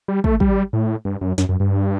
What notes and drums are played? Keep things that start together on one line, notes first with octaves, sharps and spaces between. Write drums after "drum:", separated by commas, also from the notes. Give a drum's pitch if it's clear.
G3
A3, drum: kick
G3, drum: kick
A2
G2
F#2
F#2, drum: snare
F#2
G2